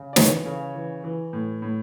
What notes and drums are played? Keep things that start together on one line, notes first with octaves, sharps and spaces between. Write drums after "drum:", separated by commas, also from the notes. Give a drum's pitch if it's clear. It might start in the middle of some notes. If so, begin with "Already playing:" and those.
Already playing: C#3
D5
E3 C#5, drum: snare
C#3
E3
E3
A2
A2